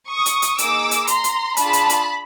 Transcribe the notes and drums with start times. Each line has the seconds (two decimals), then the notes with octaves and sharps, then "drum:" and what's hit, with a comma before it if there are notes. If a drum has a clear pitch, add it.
0.09 C#6 D#6
0.26 drum: hi-hat
0.42 drum: hi-hat
0.58 A#3 D#4 G#4 D6 E6, drum: hi-hat
0.91 drum: hi-hat
1.07 A#5 C6, drum: hi-hat
1.24 drum: hi-hat
1.57 D4 F4 G#4 A5 B5, drum: hi-hat
1.73 drum: hi-hat
1.89 drum: hi-hat